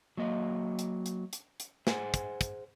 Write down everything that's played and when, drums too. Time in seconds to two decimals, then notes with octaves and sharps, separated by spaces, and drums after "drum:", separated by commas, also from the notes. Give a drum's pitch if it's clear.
0.17 F#3 A#3 D#5
0.79 drum: hi-hat
1.06 drum: hi-hat
1.33 drum: hi-hat
1.60 drum: hi-hat
1.87 G#4 C5 F#5 G#5, drum: snare
2.14 drum: kick, hi-hat
2.41 drum: kick, hi-hat